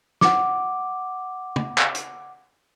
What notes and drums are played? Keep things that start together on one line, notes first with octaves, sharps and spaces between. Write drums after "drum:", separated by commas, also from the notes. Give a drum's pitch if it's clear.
F#5 D6, drum: snare
drum: tom
drum: clap
drum: hi-hat